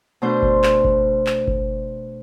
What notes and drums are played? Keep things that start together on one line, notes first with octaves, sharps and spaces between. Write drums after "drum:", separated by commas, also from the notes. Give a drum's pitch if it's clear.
B2 A3 D4 C5 C6 G6
drum: kick G1
drum: clap
drum: kick G1
drum: clap
drum: kick G1